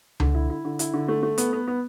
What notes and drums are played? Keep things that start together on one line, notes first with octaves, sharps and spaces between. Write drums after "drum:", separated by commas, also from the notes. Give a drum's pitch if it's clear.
D3, drum: tom C#2
E4
E4
D3
E4, drum: hi-hat
D3
A3
A3
B3, drum: hi-hat
B3
B3